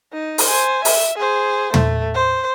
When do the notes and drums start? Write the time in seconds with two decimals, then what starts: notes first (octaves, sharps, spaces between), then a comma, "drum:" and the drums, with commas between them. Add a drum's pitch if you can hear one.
0.13 D#4
0.38 drum: open hi-hat
0.47 C5 G#5
0.85 E5, drum: open hi-hat
1.18 G#4 C5
1.74 A3, drum: tom
2.14 C5